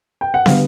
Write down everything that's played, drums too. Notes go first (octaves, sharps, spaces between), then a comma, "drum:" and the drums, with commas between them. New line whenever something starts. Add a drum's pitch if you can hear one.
G5
F#5
D3 G3 B3 F5, drum: snare